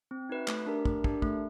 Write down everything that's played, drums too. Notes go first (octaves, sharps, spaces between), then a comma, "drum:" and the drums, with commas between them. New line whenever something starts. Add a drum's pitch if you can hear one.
C4
D#4 F#4 B4 E5
A3, drum: clap
D4 G4 A#4
A3, drum: kick
D4 G4 A#4, drum: kick
A3, drum: kick